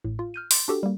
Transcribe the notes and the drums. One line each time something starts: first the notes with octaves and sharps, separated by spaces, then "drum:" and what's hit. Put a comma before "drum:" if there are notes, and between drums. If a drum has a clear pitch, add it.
A1 A2
F4
F6 G6 D#7
C6 D6 A6 C#7, drum: open hi-hat
D4 F#4 G4 A4
G3 A#3